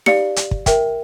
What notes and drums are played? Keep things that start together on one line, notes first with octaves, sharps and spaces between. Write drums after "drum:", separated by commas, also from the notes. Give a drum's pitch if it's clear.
G4 D5 F5 C#7, drum: snare D#4
drum: hi-hat
drum: kick
A#4 E5 G5, drum: kick, hi-hat